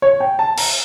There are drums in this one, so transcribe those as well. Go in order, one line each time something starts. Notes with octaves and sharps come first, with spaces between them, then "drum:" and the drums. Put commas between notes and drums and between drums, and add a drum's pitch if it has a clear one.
C#5
G5
A5
A#5, drum: cymbal